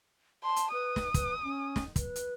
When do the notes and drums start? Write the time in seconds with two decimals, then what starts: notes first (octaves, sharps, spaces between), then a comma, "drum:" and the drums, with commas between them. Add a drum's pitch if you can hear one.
0.44 A5 C6
0.56 drum: hi-hat
0.73 B4 D#6
0.96 drum: snare
1.14 B4, drum: kick, hi-hat
1.44 C#4
1.76 drum: snare
1.96 B4, drum: kick, hi-hat
2.16 drum: hi-hat